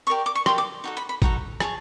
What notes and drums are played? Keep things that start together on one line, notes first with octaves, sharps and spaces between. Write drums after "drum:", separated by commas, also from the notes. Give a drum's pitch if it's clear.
G4 A#4 D5 C#6
D6
C#6
G4 A#4 D5 C6, drum: rim click
D6
D#4 F#4 A4
B5
B5
D#4 F#4 A4 A#5, drum: kick G#1
G#4 C#5 A5, drum: rim click